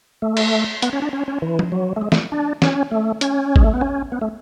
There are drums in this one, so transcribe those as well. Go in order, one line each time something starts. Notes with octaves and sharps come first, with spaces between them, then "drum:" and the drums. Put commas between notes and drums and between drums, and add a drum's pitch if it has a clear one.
A3
drum: cymbal
B3, drum: hi-hat
C#4
D4
C#4
C#4
E3
drum: tom F3
F#3
A3
G#3
A3, drum: snare
D4
C#4, drum: snare
A3
C#4, drum: hi-hat
G#3, drum: kick G#1
A3
B3
C#4
B3
A3